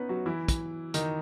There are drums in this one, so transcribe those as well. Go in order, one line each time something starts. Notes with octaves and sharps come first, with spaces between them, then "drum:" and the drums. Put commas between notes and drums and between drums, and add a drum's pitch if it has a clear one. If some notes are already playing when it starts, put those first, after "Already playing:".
Already playing: B3 C#4 D#4 B4 C#5
F#3 F#4
E3 E4
drum: kick, hi-hat
D#3 D#4, drum: hi-hat